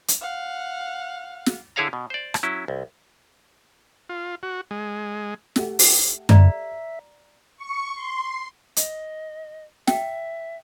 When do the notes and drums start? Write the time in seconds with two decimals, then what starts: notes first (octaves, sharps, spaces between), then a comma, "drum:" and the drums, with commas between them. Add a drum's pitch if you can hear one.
0.08 drum: hi-hat
0.21 F5 F#5
1.46 drum: snare
1.76 D3 E4 G#4 C#5 F5 A#5
1.93 B2
2.10 C5 D5
2.34 drum: rim click
2.43 F#3 C#4 E4
2.68 C2
4.09 F4
4.43 F#4
4.71 G#3
5.56 A3 G4 F#5, drum: snare
5.79 drum: open hi-hat
6.29 D5 E5 A#5, drum: tom F#2
7.57 C#6
7.95 C6
8.76 D#5, drum: hi-hat
9.87 E5 G5, drum: snare